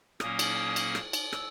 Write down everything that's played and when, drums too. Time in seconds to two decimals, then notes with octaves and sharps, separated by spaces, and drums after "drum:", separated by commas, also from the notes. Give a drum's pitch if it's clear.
0.20 A#2 F#3 A#3 C#4 D#6, drum: rim click
0.39 drum: cymbal
0.76 drum: cymbal
0.95 drum: rim click
1.13 drum: cymbal
1.33 E6, drum: rim click